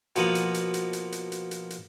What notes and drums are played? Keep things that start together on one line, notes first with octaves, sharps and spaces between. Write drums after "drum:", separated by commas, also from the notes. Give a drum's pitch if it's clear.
B2 F3 A#3 D#5 F#5, drum: hi-hat
drum: hi-hat
drum: hi-hat
drum: hi-hat
drum: hi-hat
drum: hi-hat
drum: hi-hat
drum: hi-hat
drum: hi-hat